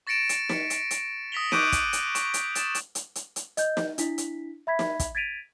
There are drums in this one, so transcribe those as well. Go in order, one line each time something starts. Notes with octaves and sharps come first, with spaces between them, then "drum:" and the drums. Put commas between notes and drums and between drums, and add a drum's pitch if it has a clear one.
C#6 A6 A#6 C#7 D7 E7
drum: hi-hat
B6 C#7, drum: snare
drum: hi-hat
drum: hi-hat
D#6 A#6 B6 F7 G7
C#6 D6 F#6 G6 D7 D#7, drum: snare
drum: kick, hi-hat
drum: hi-hat
C#6, drum: hi-hat
drum: hi-hat
D#6 A6 E7, drum: hi-hat
drum: hi-hat
drum: hi-hat
drum: hi-hat
drum: hi-hat
D#5 G6, drum: hi-hat
drum: snare
D4 E4 B6, drum: hi-hat
drum: hi-hat
E5 B5 G#6 B6
drum: snare
drum: kick, hi-hat
G#6 A6 B6 D7 D#7 F7